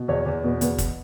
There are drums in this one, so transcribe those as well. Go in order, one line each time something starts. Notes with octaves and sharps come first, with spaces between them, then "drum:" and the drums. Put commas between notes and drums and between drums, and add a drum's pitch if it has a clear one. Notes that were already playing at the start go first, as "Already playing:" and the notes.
Already playing: B2
E2 C#5
E2
B2 B3
E2 B3, drum: hi-hat
drum: kick, hi-hat